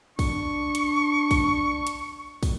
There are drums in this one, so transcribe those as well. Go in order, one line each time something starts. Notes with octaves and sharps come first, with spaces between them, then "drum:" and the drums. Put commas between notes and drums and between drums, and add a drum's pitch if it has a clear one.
D4 C#6, drum: kick, open hi-hat
drum: hi-hat
drum: kick, open hi-hat
drum: hi-hat
drum: kick, open hi-hat